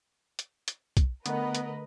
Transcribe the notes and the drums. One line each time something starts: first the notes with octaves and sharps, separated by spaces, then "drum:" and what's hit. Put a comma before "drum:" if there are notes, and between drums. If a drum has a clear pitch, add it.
drum: hi-hat
drum: hi-hat
drum: kick, hi-hat
D3 A3 B3 A#4 B4 D#5 F#5, drum: hi-hat
drum: hi-hat